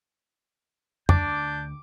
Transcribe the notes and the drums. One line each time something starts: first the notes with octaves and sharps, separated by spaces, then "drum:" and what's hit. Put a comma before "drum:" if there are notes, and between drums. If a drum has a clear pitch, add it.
D2 D4 D6 G6, drum: tom F2